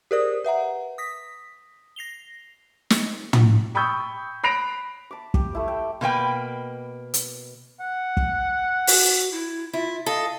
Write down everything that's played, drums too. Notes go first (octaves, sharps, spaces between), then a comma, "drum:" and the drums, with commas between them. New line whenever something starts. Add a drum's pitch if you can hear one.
G4 G#4 A#4 C5 D5 D#6
B4 E5 F#5 A#5
D#6 A#6 B6
A#6 C7 F7 G7
drum: snare
drum: tom
G5 B5 C#6 D#6 E6 G6
B5 F#6 A#6 C7 D7 F7
A5 B5 D6
G4, drum: kick
A3 E4 E6
G5
B2 A#3 B4 G5
drum: hi-hat
F#5
drum: kick
F#4, drum: open hi-hat
E4
E4 F4
A4 D#5 F5